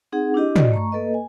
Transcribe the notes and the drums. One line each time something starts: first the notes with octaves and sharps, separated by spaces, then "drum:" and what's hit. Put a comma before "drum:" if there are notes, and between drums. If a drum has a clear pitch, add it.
C4 D#4 G#4 F#5
D4 E4 G4 D#5
F#4 D5 D#5, drum: tom
A3 A#5 C#6
A#3 A4 B4 D#5
G#5